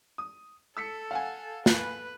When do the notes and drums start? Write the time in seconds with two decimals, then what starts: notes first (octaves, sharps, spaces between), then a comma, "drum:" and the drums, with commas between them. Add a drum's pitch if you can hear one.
0.18 D#6
0.77 A4 E6 B6 C#7
1.11 F5 F#5 G#5
1.66 B4, drum: snare